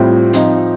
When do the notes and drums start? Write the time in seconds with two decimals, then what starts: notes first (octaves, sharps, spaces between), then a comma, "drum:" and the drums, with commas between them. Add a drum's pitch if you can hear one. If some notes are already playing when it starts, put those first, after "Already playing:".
Already playing: A2 G3 C4 F4
0.33 F3 C4 D#4, drum: hi-hat